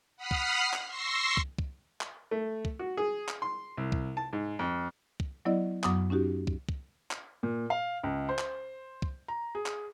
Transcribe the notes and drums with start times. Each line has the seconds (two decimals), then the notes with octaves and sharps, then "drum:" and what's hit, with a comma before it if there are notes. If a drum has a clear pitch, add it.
0.16 F#5 B5 D#6 F6 B6 C7
0.31 drum: kick
0.73 drum: clap
0.86 C6 C#6 E6 A#6 C7
1.37 drum: kick
1.58 drum: kick
2.01 drum: clap
2.31 A3
2.65 drum: kick
2.79 F#4
2.97 G#4
3.29 drum: clap
3.42 C6
3.77 C2
3.92 drum: kick
4.17 A5
4.33 G#2
4.59 F2
5.20 drum: kick
5.45 F#3 B3 E4 D5 D#5
5.84 F#2 F#3 B3 D6 D#6, drum: clap
6.10 C#4 D#4 F#4 G4
6.47 drum: kick
6.69 drum: kick
7.11 drum: clap
7.43 A#2
7.70 F5
8.03 C#2
8.29 C5
8.39 drum: clap
9.02 drum: kick
9.28 A#5
9.55 G#4
9.66 drum: clap